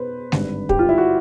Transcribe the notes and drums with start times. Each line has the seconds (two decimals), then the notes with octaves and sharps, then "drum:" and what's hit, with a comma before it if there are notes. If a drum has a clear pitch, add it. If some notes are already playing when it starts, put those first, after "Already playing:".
Already playing: B2 B4 C5
0.32 G#1 G2 D3, drum: snare G#3
0.69 G4, drum: kick
0.79 F4
0.89 E4
0.98 F#4